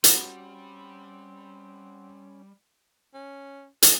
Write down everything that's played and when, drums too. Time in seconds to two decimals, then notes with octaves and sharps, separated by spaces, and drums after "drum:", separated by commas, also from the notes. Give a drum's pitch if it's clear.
0.04 G3 C4 C#4 F#4, drum: hi-hat
3.14 C#4
3.82 G#4, drum: hi-hat